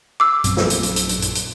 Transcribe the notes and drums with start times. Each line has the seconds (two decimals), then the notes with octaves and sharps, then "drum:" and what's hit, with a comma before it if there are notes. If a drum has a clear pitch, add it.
0.20 D6 E6
0.44 A#1 F#2 C4, drum: hi-hat
0.57 drum: snare
0.70 drum: hi-hat
0.83 drum: hi-hat
0.96 drum: hi-hat
1.09 drum: hi-hat
1.22 drum: hi-hat
1.35 drum: hi-hat